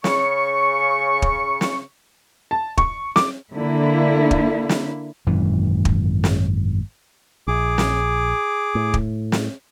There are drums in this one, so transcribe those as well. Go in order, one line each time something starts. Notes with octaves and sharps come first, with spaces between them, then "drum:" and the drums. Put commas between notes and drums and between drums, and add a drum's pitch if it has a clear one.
C#3 C#6, drum: snare
drum: kick
drum: snare
A5
C#6, drum: kick
D6, drum: snare
D3 A#3 E4
drum: kick
drum: snare
G#1 F#2 A#2 E3
drum: kick
drum: snare
A#1 G#4 D6
drum: snare
A2
drum: kick
drum: snare